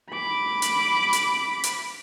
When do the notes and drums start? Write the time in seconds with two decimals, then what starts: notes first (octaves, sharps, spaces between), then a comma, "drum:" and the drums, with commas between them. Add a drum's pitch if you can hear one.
0.11 B5 D6
0.62 drum: hi-hat
1.13 drum: hi-hat
1.64 drum: hi-hat